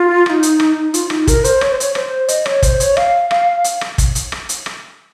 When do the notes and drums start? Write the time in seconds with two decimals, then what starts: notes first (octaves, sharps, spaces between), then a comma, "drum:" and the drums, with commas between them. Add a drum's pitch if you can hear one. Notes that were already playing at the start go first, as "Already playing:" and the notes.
Already playing: F4
0.26 F4, drum: rim click
0.30 D#4
0.43 drum: hi-hat
0.60 drum: rim click
0.94 F4, drum: hi-hat
1.10 D#4, drum: rim click
1.27 A#4, drum: kick, hi-hat
1.44 C5, drum: hi-hat
1.61 C#5, drum: rim click
1.71 C5
1.80 C#5, drum: hi-hat
1.95 C5, drum: rim click
2.28 D#5, drum: hi-hat
2.46 C#5, drum: rim click
2.62 C5, drum: kick, hi-hat
2.80 C#5, drum: hi-hat
2.97 F5, drum: rim click
3.31 F5, drum: rim click
3.64 drum: hi-hat
3.81 drum: rim click
3.98 drum: kick, hi-hat
4.15 drum: hi-hat
4.32 drum: rim click
4.49 drum: hi-hat
4.66 drum: rim click